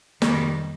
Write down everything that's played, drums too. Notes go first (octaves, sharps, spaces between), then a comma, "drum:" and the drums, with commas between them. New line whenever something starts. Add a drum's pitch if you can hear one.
F2 C3 D#3 G3, drum: snare